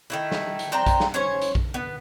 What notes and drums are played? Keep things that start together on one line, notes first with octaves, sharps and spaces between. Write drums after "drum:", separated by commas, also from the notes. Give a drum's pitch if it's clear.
D#3 A3 E4
drum: snare
drum: hi-hat
C4 D4 G5 A#5
drum: kick A#1, hi-hat
drum: snare
C#4 C5 C#5
drum: hi-hat
drum: kick A#1
B3